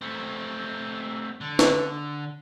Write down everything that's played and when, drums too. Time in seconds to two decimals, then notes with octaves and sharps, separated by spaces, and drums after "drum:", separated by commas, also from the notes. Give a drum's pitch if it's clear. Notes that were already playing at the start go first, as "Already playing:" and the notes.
0.01 A3 C4
1.41 D3
1.59 drum: snare